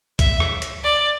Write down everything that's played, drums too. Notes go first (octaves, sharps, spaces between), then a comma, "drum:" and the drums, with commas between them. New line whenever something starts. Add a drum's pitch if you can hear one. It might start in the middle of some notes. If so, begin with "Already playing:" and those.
E5, drum: kick C2, hi-hat
drum: rim click
drum: hi-hat
D5